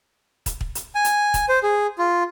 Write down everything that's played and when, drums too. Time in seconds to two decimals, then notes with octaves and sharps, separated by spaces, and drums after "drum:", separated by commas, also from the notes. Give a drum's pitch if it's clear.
0.46 drum: kick, hi-hat
0.61 drum: kick
0.75 drum: hi-hat
0.95 G#5
1.05 drum: hi-hat
1.34 drum: kick, hi-hat
1.49 C5
1.63 G#4
1.98 F4